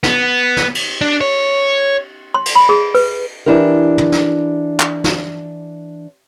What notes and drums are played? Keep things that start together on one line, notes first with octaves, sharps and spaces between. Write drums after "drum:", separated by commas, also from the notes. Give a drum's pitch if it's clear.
B3, drum: snare
drum: snare
drum: cymbal
D4
C#5
C6
drum: cymbal
B5
G#4
B4, drum: open hi-hat
E3 D4 E4 G4 A#4
drum: tom
drum: snare
drum: clap
drum: snare